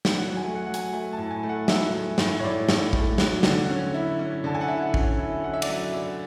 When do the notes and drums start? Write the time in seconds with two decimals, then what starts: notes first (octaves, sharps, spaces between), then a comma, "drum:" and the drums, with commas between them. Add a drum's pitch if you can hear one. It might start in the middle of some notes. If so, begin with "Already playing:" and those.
0.05 drum: snare
0.18 F#3 F#5
0.36 G#5
0.43 A3
0.55 F#5
0.66 F#3 F#5
0.74 G#5, drum: hi-hat
0.93 A3 G#5
1.13 A5
1.18 A2
1.30 G#5
1.43 A3
1.49 F#5
1.68 F#3 E5, drum: snare
1.93 A3
2.18 A2, drum: snare
2.39 C#5
2.43 A2 D5
2.69 A2, drum: snare
2.93 A3, drum: kick
3.18 F#3, drum: snare
3.43 D3, drum: snare
3.69 C#4
3.94 E4
4.19 C#4
4.44 D3 A5
4.55 G#5
4.61 F#5
4.68 E4 E5
4.94 C#4, drum: kick
5.18 E4
5.44 C#4 F#5
5.54 E5
5.62 D5, drum: cymbal
5.69 F#3 E5
5.93 D3